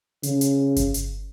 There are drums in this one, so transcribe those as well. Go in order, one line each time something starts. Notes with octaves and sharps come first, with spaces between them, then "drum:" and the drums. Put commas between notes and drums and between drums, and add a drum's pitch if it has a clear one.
C#3, drum: hi-hat
drum: hi-hat
drum: kick G1, hi-hat
drum: hi-hat